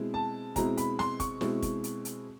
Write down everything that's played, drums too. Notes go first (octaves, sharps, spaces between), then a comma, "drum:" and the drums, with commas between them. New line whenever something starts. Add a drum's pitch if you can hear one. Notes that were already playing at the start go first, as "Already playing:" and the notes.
Already playing: B2 G#3 C4 E4
A5
B2 G#3 C4 E4 A#5, drum: kick, hi-hat
B5, drum: hi-hat
C6, drum: snare
C#6, drum: kick, hi-hat
B2 G#3 C4 E4, drum: snare
drum: kick, hi-hat
drum: hi-hat
drum: hi-hat